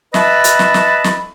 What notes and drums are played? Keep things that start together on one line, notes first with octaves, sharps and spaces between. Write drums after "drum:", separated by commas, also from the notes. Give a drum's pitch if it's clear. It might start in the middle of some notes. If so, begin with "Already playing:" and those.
B4 D#5 E5 F#5 A5 B5, drum: snare
drum: hi-hat
drum: snare
drum: snare
drum: snare